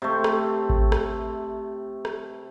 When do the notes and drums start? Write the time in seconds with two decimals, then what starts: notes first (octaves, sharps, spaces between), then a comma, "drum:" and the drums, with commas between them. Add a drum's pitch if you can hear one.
0.02 C3 A3
0.24 drum: rim click
0.69 drum: kick G#1
0.92 drum: rim click
2.05 drum: rim click